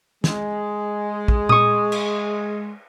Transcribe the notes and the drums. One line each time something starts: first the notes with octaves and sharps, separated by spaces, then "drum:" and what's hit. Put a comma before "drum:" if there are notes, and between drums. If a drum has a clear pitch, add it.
G#3, drum: snare
drum: kick
C#6 D#6, drum: tom A#2
drum: cymbal